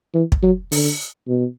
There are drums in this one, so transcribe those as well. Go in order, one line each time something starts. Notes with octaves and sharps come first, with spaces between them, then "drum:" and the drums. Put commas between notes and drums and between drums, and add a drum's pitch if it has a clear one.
E3
drum: kick
F#3
D3, drum: open hi-hat
B2